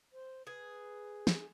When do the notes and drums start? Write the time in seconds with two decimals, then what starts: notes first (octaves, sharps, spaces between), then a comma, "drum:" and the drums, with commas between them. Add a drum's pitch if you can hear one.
0.13 C5
0.47 G#4 B4
1.27 drum: snare